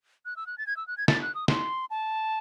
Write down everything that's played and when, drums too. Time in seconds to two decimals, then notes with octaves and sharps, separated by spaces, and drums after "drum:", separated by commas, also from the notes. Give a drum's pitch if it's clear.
0.25 F#6
0.36 E6
0.47 F#6
0.58 A6
0.67 G#6
0.77 E6
0.88 F#6
0.98 G#6
1.08 A6, drum: snare
1.22 F#6
1.35 D#6
1.48 C6, drum: snare
1.90 A5